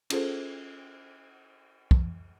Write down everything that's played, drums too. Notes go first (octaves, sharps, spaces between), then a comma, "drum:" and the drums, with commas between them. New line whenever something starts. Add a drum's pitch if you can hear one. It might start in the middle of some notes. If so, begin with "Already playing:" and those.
C#4 F4 G#4 A4 C5, drum: cymbal
drum: kick